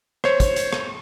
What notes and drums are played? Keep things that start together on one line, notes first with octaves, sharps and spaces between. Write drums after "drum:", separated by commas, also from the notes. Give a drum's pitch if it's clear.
C5 C#5, drum: rim click
drum: kick, hi-hat
drum: hi-hat
drum: rim click